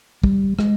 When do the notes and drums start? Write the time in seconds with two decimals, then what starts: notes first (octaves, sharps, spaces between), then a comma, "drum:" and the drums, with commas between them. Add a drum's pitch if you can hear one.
0.24 G3, drum: kick
0.59 G#3, drum: rim click